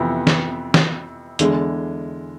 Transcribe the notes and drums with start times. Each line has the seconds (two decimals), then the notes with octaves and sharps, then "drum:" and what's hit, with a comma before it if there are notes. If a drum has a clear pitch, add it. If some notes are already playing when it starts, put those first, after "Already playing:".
Already playing: F2 C3 E3 B3
0.27 drum: snare
0.74 drum: snare
1.39 E2 D3 G#3, drum: hi-hat